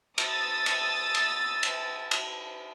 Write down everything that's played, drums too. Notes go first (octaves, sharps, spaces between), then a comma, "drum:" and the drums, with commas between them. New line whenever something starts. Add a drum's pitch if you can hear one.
D#6 E6 A6, drum: cymbal
drum: cymbal
drum: cymbal
drum: cymbal
drum: cymbal